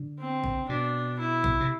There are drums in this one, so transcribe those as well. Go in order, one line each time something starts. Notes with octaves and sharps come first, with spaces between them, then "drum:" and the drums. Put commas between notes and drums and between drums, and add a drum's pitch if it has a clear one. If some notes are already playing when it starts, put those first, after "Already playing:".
Already playing: D3
C4
drum: kick
B2 D4
E4
drum: kick
C3